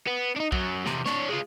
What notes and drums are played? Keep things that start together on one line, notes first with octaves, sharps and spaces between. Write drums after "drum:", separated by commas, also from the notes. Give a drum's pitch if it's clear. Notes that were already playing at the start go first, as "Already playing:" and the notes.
B3
D4 D#4
F#2 F#3, drum: kick
E2 C3, drum: snare
D4 C#5, drum: snare
G#3 F4